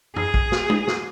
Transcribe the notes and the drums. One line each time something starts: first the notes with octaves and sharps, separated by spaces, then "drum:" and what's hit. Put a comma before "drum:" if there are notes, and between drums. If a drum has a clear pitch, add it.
G#4, drum: tom
drum: kick
drum: snare
drum: tom G#3
drum: snare